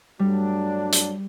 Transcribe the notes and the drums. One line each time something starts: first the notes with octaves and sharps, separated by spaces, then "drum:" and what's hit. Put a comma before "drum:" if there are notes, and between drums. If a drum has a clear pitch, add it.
G2 F#3 G3 A3 D4
drum: hi-hat